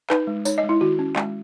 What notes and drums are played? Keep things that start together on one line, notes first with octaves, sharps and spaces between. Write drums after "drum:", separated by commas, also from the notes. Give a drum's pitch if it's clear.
D#4 B4, drum: clap
G#3
D#4 C#5, drum: tambourine
D#5
G#3
E4
D#3 F#4
C#4
G#3, drum: clap